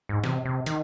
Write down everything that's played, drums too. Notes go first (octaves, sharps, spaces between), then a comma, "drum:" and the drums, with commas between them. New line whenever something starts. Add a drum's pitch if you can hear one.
G#2
C3, drum: snare
C3
D#3, drum: hi-hat